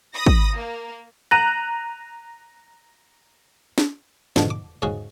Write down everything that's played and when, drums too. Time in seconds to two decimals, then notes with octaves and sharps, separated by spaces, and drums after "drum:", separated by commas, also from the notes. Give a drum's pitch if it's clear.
0.14 B5 D#6 A#6
0.26 drum: kick
0.56 A#3
1.31 A#5 F#6 A#6 D#7
3.78 drum: snare
4.36 F2 G#2 B2 D3 F3, drum: snare
4.50 D6
4.82 G#2 C#3 C#4 F#4 G#4